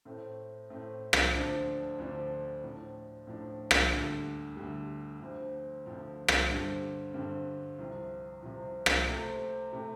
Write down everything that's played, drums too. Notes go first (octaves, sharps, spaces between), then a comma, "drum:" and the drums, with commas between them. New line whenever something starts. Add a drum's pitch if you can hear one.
A2 A3 C4
A2 A3 C4
drum: rim click
D2 D3 F3 D4
D2 D3 F3 D4
A2 F3 D4
A2 F3 D4
drum: rim click
D2 D3 G3
D2 D3 G3
D2 D3 F3 C4
D2 D3 F3 C4
drum: rim click
G2 D3 G3 C4
G2 D3 G3 C4
C2 C3 F3
C2 C3 F3
drum: rim click
C3 A3 C4
C3 A3 C4